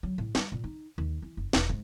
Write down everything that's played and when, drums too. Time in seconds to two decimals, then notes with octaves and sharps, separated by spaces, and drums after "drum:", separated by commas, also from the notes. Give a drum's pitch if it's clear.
0.03 F#3
0.18 A2
0.35 G3, drum: snare
0.52 A#2
0.64 D#4
0.98 D#2
1.22 E3
1.37 F#1
1.53 E1, drum: snare
1.69 G#2